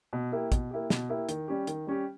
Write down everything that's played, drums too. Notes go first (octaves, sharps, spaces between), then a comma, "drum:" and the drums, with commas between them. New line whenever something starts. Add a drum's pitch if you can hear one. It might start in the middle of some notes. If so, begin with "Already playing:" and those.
B2
A#3 E4 G4
B2, drum: kick, hi-hat
A#3 E4 G4
B2, drum: snare
A#3 E4 G4
D#3, drum: hi-hat
G3 C#4 G4
D#3, drum: hi-hat
G3 C#4 G4